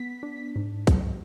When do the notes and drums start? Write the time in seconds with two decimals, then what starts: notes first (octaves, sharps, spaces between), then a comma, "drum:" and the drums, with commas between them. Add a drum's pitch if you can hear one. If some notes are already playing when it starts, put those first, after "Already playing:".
Already playing: B3 B6
0.23 D4
0.56 G#2
0.87 F#3, drum: kick, hi-hat